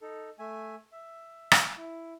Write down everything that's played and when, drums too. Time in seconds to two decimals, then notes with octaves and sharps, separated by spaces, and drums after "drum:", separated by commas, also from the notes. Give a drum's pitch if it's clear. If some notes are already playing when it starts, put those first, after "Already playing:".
0.01 D#4 A4
0.39 A3 E5 G#5
0.92 E5
1.52 drum: rim click
1.77 E4